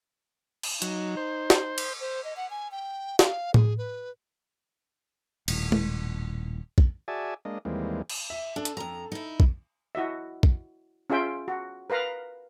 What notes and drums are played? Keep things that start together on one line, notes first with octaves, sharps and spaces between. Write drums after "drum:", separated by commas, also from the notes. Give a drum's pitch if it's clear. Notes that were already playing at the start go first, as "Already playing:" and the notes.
drum: cymbal
F#3 D#4, drum: hi-hat
C5
drum: snare
drum: cymbal
C5
D#5
F#5
G#5
G5
F5, drum: snare
G#4, drum: tom A2
B4
D#1 A2, drum: cymbal
drum: tom G#3
drum: kick
F#4 G#4 D5 E5 G#5 A5
G#3 A#3 D4 D#5
D#2 E3 G3 G#3 A#3 C4
drum: cymbal
E5
D4 A4
drum: hi-hat
F2 A#5
D#4 E4
drum: kick
E4 F#4 D#5 E5
drum: kick
C#4 F4 G#4 E5 G5
F#4
A#4 B4 F5 A#5